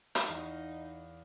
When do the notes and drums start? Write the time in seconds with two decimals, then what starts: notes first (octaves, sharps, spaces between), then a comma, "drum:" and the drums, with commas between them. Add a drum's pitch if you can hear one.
0.15 drum: hi-hat
0.24 E2 D#4 F5 C#6